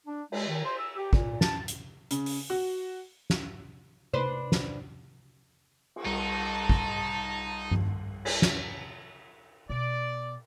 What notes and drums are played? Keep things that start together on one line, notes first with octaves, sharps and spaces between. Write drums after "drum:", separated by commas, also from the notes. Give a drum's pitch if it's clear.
D4
G#3, drum: cymbal
D#3
C5
E6
G4
A#2, drum: kick
A5, drum: snare
drum: hi-hat
C#3, drum: hi-hat
drum: open hi-hat
F#4
drum: snare
D4 B4 C5, drum: tom C3
drum: snare
drum: cymbal
B1 G3 D#4 A5
drum: kick
drum: tom G2
drum: cymbal
drum: snare
B2 D5